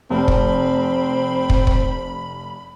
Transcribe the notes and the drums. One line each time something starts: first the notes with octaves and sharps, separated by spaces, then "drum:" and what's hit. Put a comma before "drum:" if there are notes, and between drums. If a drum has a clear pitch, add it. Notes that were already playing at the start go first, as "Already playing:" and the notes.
F1 C4 B5
drum: kick
drum: kick
drum: kick